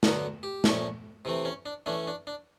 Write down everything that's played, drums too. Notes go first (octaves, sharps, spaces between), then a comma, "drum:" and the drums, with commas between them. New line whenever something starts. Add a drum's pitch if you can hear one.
D3 F#3 B3 A#4, drum: snare
G4
A#2 F3 A3 C#4, drum: snare
C3 E3 A3 C4
C#4
D4
E3 A3 C#4 D4
D4
D4